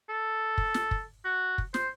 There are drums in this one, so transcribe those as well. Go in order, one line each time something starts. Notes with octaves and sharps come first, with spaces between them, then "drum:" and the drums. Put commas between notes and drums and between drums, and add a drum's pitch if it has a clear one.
A4
drum: kick
drum: snare
drum: kick
F#4
drum: kick
C5, drum: snare